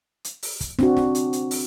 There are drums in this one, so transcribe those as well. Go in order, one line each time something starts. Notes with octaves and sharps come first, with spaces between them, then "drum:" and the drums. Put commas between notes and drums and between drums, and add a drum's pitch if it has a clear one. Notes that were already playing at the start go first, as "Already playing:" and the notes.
drum: hi-hat
drum: open hi-hat
drum: kick, hi-hat
C4 D4 F#4, drum: snare
drum: snare
drum: hi-hat
drum: hi-hat
drum: open hi-hat